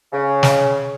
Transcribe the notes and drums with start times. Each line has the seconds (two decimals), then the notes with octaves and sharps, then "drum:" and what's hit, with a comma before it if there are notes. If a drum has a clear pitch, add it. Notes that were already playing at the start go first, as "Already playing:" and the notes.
0.13 C#3
0.43 drum: snare